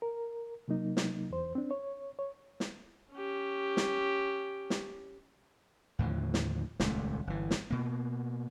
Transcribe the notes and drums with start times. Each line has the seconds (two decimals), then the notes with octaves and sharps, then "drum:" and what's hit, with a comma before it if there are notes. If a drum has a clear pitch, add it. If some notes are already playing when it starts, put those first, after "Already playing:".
0.02 A#4
0.68 C3 F#3 A#3 D#4
0.97 drum: snare
1.30 E2 C5
1.55 C4 D4
1.71 C#5
2.19 C#5
2.60 drum: snare
3.12 C#4 G4
3.77 drum: snare
4.70 drum: snare
5.99 D#2 A2 D3 F3
6.34 drum: snare
6.80 D#1 C#2 A3, drum: snare
7.27 G1 E3
7.51 drum: snare
7.70 B2 A#3